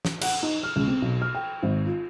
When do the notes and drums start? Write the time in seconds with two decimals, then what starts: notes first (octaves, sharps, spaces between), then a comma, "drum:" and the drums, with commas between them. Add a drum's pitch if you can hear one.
0.05 drum: snare
0.21 F#5, drum: cymbal
0.43 D#4
0.63 F6
0.76 C#2
0.88 C4
1.02 B1
1.22 F6
1.35 G5
1.63 G#1
1.86 F4